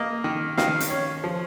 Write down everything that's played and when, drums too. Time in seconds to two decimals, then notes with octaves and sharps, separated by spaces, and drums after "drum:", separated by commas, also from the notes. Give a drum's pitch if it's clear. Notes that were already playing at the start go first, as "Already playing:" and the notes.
Already playing: A#3 D#5
0.24 D#3
0.58 D#3 F5, drum: snare
0.80 drum: hi-hat
0.90 C#4
1.24 F3